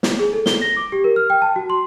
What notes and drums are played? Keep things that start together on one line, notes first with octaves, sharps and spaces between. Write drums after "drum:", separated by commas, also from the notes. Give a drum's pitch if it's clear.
drum: snare
G#4
A4
G7, drum: snare
A#6
D6
G4
A#4
F6
G5
A5
F#4
C6